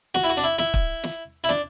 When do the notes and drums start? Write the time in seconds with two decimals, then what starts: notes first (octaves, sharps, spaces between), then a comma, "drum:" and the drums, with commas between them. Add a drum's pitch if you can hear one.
0.15 F#4, drum: snare
0.24 E4
0.29 F#4
0.37 D4
0.44 E4
0.58 E4, drum: snare
0.74 drum: kick
1.04 drum: snare
1.44 E4
1.49 D4, drum: snare